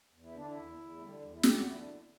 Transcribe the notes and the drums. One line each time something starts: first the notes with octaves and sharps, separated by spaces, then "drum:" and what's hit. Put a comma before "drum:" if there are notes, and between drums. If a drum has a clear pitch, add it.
E2
E4
D3 D4
E4
E2
E2
A3
D3 G3
E2
E4
E2 G4, drum: snare
F#4
D3 E4